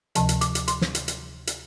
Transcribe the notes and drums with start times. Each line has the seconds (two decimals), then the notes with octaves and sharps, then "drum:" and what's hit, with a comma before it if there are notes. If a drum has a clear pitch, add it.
0.15 D2 C3 F3 A5, drum: hi-hat
0.29 drum: hi-hat
0.41 D6, drum: hi-hat
0.55 drum: hi-hat
0.68 C6, drum: hi-hat
0.81 drum: snare
0.95 drum: hi-hat
1.08 drum: hi-hat
1.47 drum: hi-hat